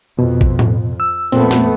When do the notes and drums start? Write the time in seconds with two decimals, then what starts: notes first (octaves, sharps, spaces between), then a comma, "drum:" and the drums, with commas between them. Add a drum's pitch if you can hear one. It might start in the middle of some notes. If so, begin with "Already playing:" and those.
0.19 F2 B2
0.41 drum: kick A1
0.59 drum: tom A2
1.00 E6
1.32 F2 A#2 A3 B3 C4, drum: open hi-hat
1.51 drum: snare